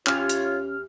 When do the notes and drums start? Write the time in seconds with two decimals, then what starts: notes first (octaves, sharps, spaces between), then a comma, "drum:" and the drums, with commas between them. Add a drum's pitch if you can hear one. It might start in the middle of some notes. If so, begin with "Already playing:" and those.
0.07 E2 C#4 F4 G4 C#5 F6, drum: clap
0.29 drum: hi-hat